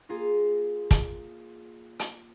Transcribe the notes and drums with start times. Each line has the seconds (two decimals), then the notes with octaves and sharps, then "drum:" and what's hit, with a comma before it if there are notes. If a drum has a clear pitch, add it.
0.09 A#3 F4 G#4 A#4
0.91 drum: kick, hi-hat
1.99 drum: hi-hat